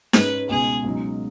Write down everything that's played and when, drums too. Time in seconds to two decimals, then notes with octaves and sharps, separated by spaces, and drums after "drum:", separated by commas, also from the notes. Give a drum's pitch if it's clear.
0.13 G#2 G#3 C#4 B4, drum: snare D#4
0.49 C#2 B2 G#3 D#4 G#4
0.84 C#2 B2 F#3 D#4